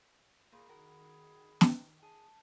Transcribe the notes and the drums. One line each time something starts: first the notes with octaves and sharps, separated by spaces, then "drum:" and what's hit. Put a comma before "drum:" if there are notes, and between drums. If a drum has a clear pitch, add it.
A#2 A#3 G#4 B5
D#3 F#4 G#4 A#4
drum: snare
G#4 A5